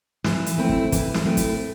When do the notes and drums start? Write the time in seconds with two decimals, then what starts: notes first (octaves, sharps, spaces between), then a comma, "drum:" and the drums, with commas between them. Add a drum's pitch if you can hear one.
0.24 E3, drum: snare
0.46 drum: hi-hat
0.58 A3 C4 E4
0.69 drum: kick
0.92 E3, drum: kick, hi-hat
1.14 drum: snare
1.26 A3 C4 E4
1.37 drum: kick, hi-hat